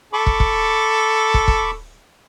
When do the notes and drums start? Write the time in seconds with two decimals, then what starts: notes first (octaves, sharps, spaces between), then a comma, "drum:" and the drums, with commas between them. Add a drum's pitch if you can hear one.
0.13 A4 B5 C#6 D6
0.26 drum: kick
0.40 drum: kick
1.34 drum: kick
1.48 drum: kick